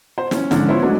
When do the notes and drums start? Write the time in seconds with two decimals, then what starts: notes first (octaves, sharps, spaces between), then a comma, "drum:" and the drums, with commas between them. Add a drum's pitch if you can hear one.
0.18 C5
0.31 E3 C#4, drum: snare
0.51 A#1 G#2 D3 E3 C#4 D4, drum: snare
0.68 B3 E4 F4 C5 C#5
0.82 F#3 G#3 A3 B3 D4 F#4